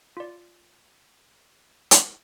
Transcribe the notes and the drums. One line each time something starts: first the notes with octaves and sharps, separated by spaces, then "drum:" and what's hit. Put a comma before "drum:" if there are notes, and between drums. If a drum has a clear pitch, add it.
F4 D5
drum: hi-hat